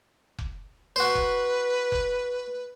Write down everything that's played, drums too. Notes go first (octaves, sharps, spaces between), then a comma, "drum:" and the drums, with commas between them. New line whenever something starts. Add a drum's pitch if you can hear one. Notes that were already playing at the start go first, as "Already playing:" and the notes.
drum: kick F1
F#4 B4 C5
drum: kick F1
drum: kick F1